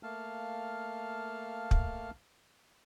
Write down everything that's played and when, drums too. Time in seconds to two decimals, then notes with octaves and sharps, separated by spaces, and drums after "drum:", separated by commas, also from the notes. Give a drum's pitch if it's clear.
0.03 A3 A#3 F5 A5 F6
1.71 drum: kick